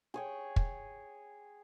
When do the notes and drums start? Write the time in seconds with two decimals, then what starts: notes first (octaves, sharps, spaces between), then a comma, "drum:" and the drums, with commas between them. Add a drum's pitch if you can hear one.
0.14 G#4 C#5 G5
0.56 drum: kick